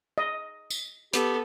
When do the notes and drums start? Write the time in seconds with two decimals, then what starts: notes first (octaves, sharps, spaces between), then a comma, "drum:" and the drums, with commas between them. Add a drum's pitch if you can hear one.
0.18 D#5
0.70 drum: tambourine
1.13 B3 G4 A4, drum: hi-hat